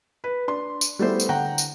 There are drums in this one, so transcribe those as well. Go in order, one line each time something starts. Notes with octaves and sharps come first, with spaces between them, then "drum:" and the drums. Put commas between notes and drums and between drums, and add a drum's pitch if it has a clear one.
B4
D4 C6
drum: tambourine
G3 A3 B3 E4 G#4 C5
drum: tambourine
D3 F#5 G5 A#5
drum: tambourine